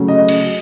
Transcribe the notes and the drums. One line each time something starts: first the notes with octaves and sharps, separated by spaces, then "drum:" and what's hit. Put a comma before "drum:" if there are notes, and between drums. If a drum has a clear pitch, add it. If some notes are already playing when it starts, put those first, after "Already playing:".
Already playing: C#3 F#3 A3 C#4
D#5
drum: cymbal